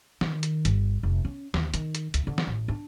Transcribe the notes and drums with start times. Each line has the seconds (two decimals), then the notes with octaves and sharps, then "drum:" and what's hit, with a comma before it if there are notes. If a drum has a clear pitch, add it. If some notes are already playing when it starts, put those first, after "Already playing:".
0.21 D#3, drum: snare
0.43 drum: hi-hat
0.65 G1, drum: hi-hat
1.03 F1
1.25 C#4
1.54 D#2, drum: snare
1.74 D#3, drum: hi-hat
1.95 drum: hi-hat
2.14 D2, drum: hi-hat
2.27 D3
2.38 drum: snare
2.47 A1
2.68 D4